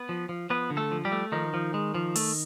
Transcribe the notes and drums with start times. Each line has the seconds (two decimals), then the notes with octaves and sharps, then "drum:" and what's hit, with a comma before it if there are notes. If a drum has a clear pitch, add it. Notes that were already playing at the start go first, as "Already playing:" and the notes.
Already playing: B3 B4
0.09 F3
0.29 F3
0.50 F3 B3 B4
0.70 D3
0.77 A3 A4
0.91 F3
1.05 G3 G4
1.12 A3
1.32 D#3 F3 D#4
1.54 F3
1.74 G#3
1.94 F3
2.16 A3, drum: open hi-hat